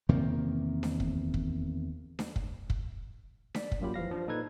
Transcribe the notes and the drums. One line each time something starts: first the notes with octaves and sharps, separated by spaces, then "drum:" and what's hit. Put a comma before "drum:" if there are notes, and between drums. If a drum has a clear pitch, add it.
E2 C3 D#3 A#3
drum: snare D4
drum: kick
drum: kick
drum: snare D4
drum: kick
drum: kick
D5 B6, drum: snare D4
drum: kick
F#2 F#3 A#3 F4 G4 B5
E3 F3 F5 A#6
F3 D4
A#2 D#4 A4 B4 G#6